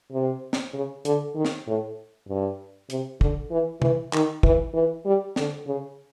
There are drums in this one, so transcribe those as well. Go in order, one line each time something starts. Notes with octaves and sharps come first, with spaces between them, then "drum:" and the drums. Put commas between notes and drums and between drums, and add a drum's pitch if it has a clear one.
C3
drum: snare
C#3
D3, drum: hi-hat
D#3
drum: snare
A2
G2
C3, drum: hi-hat
D3, drum: kick
E3
E3, drum: tom
D#3, drum: clap
E3, drum: kick
E3
G3
D3, drum: snare
C#3